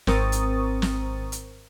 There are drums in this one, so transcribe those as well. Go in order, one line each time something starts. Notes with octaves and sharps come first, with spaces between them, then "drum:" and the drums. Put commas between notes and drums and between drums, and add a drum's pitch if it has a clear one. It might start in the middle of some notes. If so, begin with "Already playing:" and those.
G#1 C4 A#4 C#6 D#6 A6, drum: snare
drum: hi-hat
drum: snare
drum: hi-hat